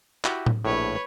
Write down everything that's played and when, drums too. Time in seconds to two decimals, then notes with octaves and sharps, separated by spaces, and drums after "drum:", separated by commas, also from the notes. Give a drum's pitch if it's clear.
0.24 E4 F#4 G4, drum: clap
0.46 drum: tom A2
0.65 A#1 A2 B4 C#5